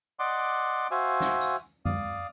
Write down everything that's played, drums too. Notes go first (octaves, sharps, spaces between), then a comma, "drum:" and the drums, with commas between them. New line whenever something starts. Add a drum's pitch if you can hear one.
D5 D#5 F#5 C6 D6
F#4 C5 E5 F5 G#5
drum: snare
drum: tambourine
D5 F5 D#6, drum: tom F#2